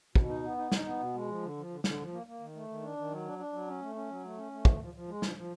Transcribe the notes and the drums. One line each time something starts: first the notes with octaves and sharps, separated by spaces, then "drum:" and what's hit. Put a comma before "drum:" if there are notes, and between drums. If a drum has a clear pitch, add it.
B2, drum: kick
D#4
B3
D#4
D#4, drum: snare
B3
B2
G#3
F3
D3
F3
D3
D3, drum: snare
F3
A#3
A#3
D#3
A3
D#3
D4
D#3
F#3
D4
D4
F#3
C#4
A3
C#4
F#3
A3
C#4
A3
F3, drum: kick
F3
F3
G#3
F3, drum: snare
F3